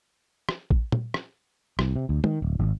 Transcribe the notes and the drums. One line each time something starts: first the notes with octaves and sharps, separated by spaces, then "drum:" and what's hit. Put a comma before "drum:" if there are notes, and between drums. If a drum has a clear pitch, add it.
drum: rim click
drum: kick A1
drum: tom
drum: rim click
C2, drum: rim click
C3
D2
D#3, drum: tom
D1
G#1